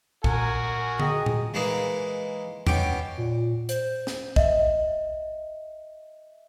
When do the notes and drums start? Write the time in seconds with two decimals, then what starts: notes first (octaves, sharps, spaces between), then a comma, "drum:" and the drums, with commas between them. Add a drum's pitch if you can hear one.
0.24 A#2 F#4 A#4 G#5, drum: kick
1.00 G#4 D#5 G5 G#5, drum: tom D3
1.26 drum: tom A#2
1.54 E3 G#3 A#3 D#4
2.67 B2 C#4 G5 D6, drum: tom E2
3.17 A#2
3.69 C5, drum: hi-hat
4.07 drum: snare
4.36 D#5 E5, drum: kick